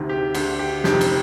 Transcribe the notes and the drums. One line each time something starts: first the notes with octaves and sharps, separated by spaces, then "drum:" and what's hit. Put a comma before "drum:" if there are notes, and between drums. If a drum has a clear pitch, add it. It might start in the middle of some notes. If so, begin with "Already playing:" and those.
Already playing: D2 C3 D#3
G4
D2 D3 G4, drum: cymbal
G4
F1 F2 C3 D#3 G4, drum: snare
drum: cymbal